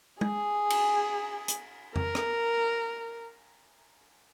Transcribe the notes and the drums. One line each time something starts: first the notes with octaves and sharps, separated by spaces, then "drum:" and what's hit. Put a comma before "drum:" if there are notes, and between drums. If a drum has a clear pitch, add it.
G#4, drum: tom
drum: cymbal
drum: hi-hat
A#4, drum: tom
drum: rim click